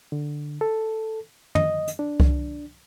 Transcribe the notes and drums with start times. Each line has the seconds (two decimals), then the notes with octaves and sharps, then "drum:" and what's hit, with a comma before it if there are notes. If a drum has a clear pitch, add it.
0.12 D3
0.61 A4
1.55 D#5, drum: tom
1.88 drum: hi-hat
1.99 D4
2.20 drum: kick C2